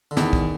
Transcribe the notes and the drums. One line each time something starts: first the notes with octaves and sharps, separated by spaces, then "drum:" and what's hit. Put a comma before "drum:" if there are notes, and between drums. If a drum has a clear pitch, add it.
D3
E2 D#3, drum: snare
drum: kick